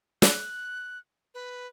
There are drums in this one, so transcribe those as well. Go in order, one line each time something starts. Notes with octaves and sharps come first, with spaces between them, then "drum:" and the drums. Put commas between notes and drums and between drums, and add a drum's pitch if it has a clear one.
F#6, drum: snare
B4